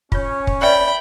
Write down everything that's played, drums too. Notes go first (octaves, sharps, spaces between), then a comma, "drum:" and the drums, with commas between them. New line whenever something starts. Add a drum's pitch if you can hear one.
C#4 F4 C#5, drum: kick
drum: kick
B4 D5 E5 G5 B5